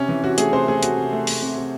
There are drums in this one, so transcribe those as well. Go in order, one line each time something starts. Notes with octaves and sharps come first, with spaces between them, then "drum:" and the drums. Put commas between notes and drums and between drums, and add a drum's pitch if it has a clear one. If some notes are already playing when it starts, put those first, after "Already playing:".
Already playing: C3 C#4
E3
C3 F#4
A3 G#4, drum: hi-hat
C3 C5
A3 G#4
A3 F#4, drum: hi-hat
C3
A3
A3, drum: open hi-hat
C3
C3